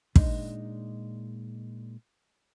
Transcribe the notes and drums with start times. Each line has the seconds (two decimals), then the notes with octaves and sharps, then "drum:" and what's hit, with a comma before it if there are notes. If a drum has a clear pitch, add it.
0.16 A#2 G#3 D4 D#4, drum: kick